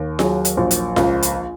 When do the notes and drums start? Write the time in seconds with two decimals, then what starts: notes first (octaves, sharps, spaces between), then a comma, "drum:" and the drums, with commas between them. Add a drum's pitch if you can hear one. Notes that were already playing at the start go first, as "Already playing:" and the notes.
Already playing: D#2
0.19 F#3 G#4, drum: snare F4
0.45 drum: hi-hat
0.57 A#1
0.71 drum: hi-hat
0.96 C#2, drum: snare F4
1.22 drum: hi-hat